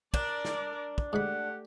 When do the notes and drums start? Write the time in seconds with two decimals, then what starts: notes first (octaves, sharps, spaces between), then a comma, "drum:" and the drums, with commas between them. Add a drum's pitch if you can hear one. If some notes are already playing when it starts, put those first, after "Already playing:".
0.14 D4 A#4 D5, drum: kick
0.45 drum: snare
0.98 drum: kick
1.13 G#2 A3 G4 F#5 B5